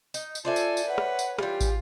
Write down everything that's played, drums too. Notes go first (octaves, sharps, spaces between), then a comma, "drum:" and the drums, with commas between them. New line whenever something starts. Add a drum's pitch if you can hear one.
D#4, drum: tambourine
drum: tambourine
F4 A4 C5 D5 E5 G#5
drum: tambourine
drum: tambourine
B4 C#5 F#5
drum: rim click
drum: tambourine
E3 G3 F4 G4, drum: rim click
drum: kick, tambourine